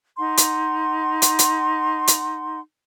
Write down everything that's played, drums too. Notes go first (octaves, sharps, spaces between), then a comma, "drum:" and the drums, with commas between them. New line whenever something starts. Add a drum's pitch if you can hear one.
D#4 F#5 C6
drum: hi-hat
drum: hi-hat
drum: hi-hat
drum: hi-hat